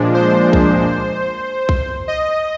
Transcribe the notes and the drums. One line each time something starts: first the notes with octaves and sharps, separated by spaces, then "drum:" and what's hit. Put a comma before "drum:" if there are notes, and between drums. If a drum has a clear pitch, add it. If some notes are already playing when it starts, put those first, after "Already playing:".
Already playing: A#2 F3 G#3 D4
C5
drum: kick B1
drum: kick B1
D#5